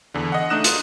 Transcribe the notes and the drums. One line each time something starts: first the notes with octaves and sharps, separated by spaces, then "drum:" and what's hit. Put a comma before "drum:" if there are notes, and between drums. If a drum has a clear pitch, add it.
E2 D3
D#5 F#5
A3 D4 D#4 D#6 F#6 E7
F4, drum: hi-hat